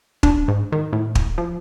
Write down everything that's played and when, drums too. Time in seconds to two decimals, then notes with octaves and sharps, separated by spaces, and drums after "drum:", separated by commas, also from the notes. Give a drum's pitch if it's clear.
0.23 D4, drum: kick
0.48 G#2
0.72 D#3
0.93 A2
1.15 drum: kick
1.38 F3